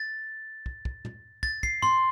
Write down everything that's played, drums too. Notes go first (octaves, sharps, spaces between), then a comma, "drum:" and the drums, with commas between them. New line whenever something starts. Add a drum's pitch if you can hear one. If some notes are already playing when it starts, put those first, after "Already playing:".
Already playing: A6
drum: kick
drum: kick
drum: tom
A6, drum: kick
C7, drum: kick
C6, drum: tom